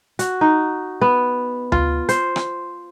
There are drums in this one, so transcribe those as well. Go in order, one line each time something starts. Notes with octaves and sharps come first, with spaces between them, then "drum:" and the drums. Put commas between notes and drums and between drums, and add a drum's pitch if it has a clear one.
F#4, drum: hi-hat
D#4
B3
F4, drum: tom D2
C5, drum: hi-hat
drum: rim click